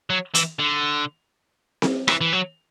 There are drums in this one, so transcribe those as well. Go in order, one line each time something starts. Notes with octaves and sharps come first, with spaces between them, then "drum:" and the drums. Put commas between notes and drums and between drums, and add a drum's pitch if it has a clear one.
F#3
E3, drum: hi-hat
D3
drum: snare C4
E3, drum: rim click
E3
F#3